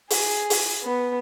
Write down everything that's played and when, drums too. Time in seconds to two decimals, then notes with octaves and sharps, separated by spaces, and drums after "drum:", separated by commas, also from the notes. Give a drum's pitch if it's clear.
0.10 G#4, drum: open hi-hat
0.50 drum: open hi-hat
0.84 B3